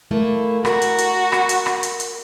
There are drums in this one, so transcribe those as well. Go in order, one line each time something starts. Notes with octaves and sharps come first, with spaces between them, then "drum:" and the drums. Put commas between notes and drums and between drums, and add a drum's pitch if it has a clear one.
A3 A#3 E4
F#4 A#4, drum: rim click
drum: hi-hat
drum: hi-hat
drum: rim click
drum: hi-hat
drum: rim click
drum: hi-hat
drum: hi-hat